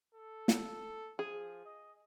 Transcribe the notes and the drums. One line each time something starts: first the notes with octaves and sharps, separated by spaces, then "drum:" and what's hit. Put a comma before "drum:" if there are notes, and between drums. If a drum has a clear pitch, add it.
A4
drum: snare
F3 G#4
D#5